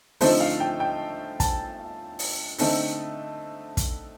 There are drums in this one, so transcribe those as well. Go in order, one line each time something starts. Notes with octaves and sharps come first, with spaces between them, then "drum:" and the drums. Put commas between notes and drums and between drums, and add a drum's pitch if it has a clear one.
D3 F3 A3 C4 D#4 C5, drum: open hi-hat
F5
G5
G5
A5, drum: kick, hi-hat
drum: open hi-hat
D3 A3 C4 D#4, drum: open hi-hat
drum: kick, hi-hat